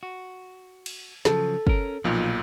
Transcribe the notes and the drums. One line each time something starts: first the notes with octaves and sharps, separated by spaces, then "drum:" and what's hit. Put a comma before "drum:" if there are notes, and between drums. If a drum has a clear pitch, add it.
F#4
drum: cymbal
C#3 F3 F#3 A4, drum: snare
C#4 A#4, drum: kick
B1 A#2 F3 D#4